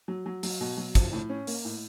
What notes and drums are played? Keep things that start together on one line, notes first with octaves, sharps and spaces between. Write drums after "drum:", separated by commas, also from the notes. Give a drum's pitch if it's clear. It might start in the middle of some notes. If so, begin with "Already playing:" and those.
F#3
F#3
F#3, drum: open hi-hat
B2
F#3
F3, drum: kick, hi-hat
A2
C#4
A#3, drum: open hi-hat
A2